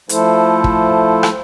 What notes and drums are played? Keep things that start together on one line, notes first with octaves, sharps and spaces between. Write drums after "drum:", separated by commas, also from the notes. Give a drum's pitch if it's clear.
F3 A3 E4 A4 C5, drum: hi-hat
drum: kick
drum: rim click